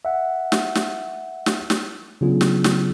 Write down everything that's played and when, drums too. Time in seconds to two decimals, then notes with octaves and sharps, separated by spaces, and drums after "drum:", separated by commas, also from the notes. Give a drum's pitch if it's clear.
0.05 E5 F#5
0.52 drum: snare
0.75 drum: snare
1.46 drum: snare
1.70 drum: snare
2.21 C#3 F#3 B3 D4 F4 G#4
2.41 drum: snare
2.64 drum: snare